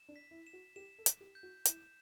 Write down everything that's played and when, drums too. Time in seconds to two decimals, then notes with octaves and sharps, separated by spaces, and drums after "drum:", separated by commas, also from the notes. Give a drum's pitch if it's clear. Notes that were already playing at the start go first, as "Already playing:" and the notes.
Already playing: E7
0.08 D4
0.16 B6
0.31 E4
0.47 E7
0.53 F#4
0.76 G4 E7
0.98 A4
1.06 E7, drum: hi-hat
1.21 G4
1.35 G6
1.43 F#4
1.65 E4 E7, drum: hi-hat